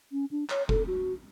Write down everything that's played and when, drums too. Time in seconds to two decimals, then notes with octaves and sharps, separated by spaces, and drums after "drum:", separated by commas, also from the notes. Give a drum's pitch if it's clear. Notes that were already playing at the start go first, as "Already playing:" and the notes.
0.12 C#4
0.31 D4
0.50 C#5, drum: clap
0.69 A4, drum: kick F1
0.87 F#4